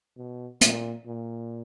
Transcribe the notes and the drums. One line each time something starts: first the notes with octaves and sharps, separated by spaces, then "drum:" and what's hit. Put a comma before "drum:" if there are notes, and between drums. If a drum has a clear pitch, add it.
B2
A#2, drum: hi-hat
A#2